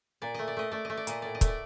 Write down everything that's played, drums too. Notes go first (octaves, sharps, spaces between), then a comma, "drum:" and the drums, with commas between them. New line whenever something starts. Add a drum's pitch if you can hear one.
A#2 D5
A3 D#5
D5
A3 D#5
A3 D5
A3 D#5
D5
A#2 D#5, drum: hi-hat
A2 D5
D#5
A3, drum: kick, hi-hat
D5